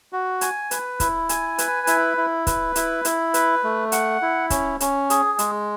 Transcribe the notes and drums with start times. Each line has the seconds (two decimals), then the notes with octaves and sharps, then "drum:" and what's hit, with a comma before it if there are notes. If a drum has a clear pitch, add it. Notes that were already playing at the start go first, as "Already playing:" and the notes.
0.13 F#4
0.41 G#5, drum: hi-hat
0.71 B4, drum: hi-hat
1.00 E4, drum: kick, hi-hat
1.29 G#5, drum: hi-hat
1.58 B4, drum: hi-hat
1.87 E4, drum: hi-hat
2.17 E4
2.47 B4, drum: kick, hi-hat
2.76 E4, drum: hi-hat
3.05 E4, drum: hi-hat
3.34 B4, drum: hi-hat
3.64 A3
3.92 F#5, drum: hi-hat
4.22 E4
4.50 C#4, drum: kick, hi-hat
4.80 C#4, drum: hi-hat
5.10 G#4, drum: hi-hat
5.39 G#3, drum: hi-hat